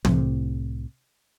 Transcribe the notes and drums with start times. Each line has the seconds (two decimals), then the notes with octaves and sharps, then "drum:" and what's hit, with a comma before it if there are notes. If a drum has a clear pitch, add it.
0.05 C2 A2 C3, drum: tom